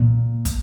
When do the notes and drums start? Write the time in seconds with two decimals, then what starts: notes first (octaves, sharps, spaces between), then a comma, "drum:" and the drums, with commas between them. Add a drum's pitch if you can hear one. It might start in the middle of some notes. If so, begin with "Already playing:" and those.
Already playing: A#2
0.45 drum: kick, hi-hat